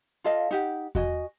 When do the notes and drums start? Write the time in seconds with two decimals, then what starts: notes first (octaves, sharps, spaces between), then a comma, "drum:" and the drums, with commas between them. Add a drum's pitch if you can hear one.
0.24 F4 A4 D#5 F5
0.51 D#4 G4 F#5
0.95 F#4 D#5 G#5, drum: kick E2